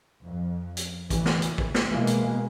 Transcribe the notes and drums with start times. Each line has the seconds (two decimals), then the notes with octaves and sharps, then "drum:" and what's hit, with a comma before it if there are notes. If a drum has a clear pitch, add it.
0.23 F2
0.77 drum: hi-hat
1.10 E3, drum: kick, hi-hat
1.26 drum: snare
1.42 drum: hi-hat
1.58 drum: kick
1.75 drum: snare
1.91 B2 E3 G#3 A#3
2.07 drum: hi-hat